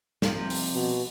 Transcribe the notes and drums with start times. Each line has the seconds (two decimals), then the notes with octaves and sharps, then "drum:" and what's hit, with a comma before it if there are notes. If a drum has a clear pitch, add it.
0.22 C3 F3, drum: snare
0.50 drum: open hi-hat
0.75 B2